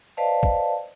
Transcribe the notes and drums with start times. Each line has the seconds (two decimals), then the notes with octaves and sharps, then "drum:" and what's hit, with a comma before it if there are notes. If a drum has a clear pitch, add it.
0.17 B4 C5 D5 D#5 F5 A5
0.43 drum: kick